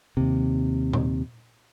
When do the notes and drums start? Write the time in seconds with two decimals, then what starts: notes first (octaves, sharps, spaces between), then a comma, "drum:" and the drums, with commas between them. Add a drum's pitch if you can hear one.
0.17 D#2 C3
0.93 drum: tom A#2